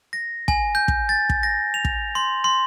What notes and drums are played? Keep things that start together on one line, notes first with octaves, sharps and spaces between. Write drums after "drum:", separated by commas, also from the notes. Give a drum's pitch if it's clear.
A#6
G#5, drum: kick
G6
drum: kick
A6
drum: kick
A#6
F7
drum: kick
C6
C6